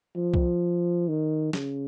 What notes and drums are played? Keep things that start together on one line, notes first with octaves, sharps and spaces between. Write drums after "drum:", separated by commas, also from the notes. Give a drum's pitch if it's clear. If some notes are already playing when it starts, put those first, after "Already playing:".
F3
drum: kick C2
D#3
C#3, drum: snare